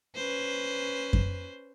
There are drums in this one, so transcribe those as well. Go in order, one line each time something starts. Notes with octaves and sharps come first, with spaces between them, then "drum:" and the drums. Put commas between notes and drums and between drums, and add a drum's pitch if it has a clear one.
C#4 B4 C5
drum: kick F#2